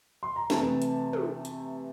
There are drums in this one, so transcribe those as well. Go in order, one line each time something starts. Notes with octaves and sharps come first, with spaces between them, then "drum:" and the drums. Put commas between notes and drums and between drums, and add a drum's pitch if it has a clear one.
C6
A#5
C3 E3 A3 A5, drum: snare
drum: hi-hat
drum: tom
drum: hi-hat